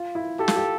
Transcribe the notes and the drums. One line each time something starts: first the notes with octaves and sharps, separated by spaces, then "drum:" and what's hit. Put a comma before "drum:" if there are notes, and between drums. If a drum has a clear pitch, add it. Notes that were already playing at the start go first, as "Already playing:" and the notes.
Already playing: F4
E4
G4 A4
F4, drum: snare
G4